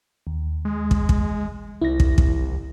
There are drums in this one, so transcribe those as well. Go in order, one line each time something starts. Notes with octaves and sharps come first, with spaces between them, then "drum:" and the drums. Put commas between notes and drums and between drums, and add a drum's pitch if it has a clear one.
D#2
G#3
drum: kick
drum: kick
C2 E4 A#6
drum: kick
drum: kick